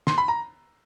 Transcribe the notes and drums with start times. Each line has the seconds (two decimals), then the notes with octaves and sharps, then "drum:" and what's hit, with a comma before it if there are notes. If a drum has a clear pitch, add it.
0.07 C6, drum: snare
0.18 B5
0.28 A#5